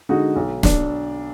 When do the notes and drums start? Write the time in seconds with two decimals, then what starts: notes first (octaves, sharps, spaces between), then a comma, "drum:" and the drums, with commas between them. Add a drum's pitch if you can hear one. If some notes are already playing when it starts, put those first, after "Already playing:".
0.09 D3 G#3 D#4 F#4
0.36 B1
0.63 D4, drum: snare